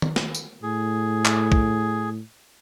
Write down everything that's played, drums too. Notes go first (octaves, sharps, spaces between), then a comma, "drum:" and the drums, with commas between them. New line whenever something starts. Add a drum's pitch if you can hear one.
drum: tom D#3
drum: snare
drum: tambourine
A2 G#4
drum: clap
drum: kick